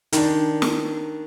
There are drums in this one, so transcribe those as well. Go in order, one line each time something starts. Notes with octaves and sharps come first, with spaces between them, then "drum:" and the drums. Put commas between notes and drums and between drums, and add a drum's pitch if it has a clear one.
D#3 D4, drum: hi-hat
drum: snare